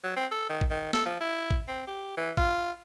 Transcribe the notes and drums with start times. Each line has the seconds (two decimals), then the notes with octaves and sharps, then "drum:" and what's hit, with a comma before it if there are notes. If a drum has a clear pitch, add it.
0.04 F#3
0.16 C4
0.32 A4
0.49 D#3
0.61 drum: kick A1
0.70 D#3
0.93 A4, drum: snare
1.05 F3
1.20 E4
1.51 drum: kick A1
1.68 C4
1.87 G4
2.17 E3
2.37 F4, drum: kick A1